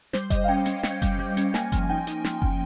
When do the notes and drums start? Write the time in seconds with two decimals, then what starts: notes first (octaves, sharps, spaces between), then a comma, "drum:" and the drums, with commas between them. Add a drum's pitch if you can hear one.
0.13 G3 C5, drum: snare
0.30 G3 D#5, drum: kick F#1, hi-hat
0.44 F5
0.48 C#4 G5
0.66 C#4, drum: hi-hat
0.83 C#4 G5, drum: snare
1.02 G3, drum: kick F#1, hi-hat
1.19 G3
1.37 C#4, drum: hi-hat
1.54 A#3 G#5, drum: snare
1.72 F3, drum: kick F#1, hi-hat
1.90 D#4 G5
2.07 D#4, drum: hi-hat
2.24 F3, drum: snare
2.42 F3, drum: kick F#1